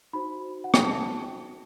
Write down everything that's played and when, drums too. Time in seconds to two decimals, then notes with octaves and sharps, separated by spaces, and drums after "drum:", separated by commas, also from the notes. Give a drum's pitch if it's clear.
0.13 D#4 F#4 C5 B5
0.64 F#5
0.74 G5, drum: rim click
0.84 A5